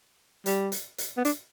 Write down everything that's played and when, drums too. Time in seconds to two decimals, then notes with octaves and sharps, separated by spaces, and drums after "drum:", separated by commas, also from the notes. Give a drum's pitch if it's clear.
0.46 G3, drum: hi-hat
0.72 drum: hi-hat
0.98 drum: hi-hat
1.17 B3
1.25 D4, drum: hi-hat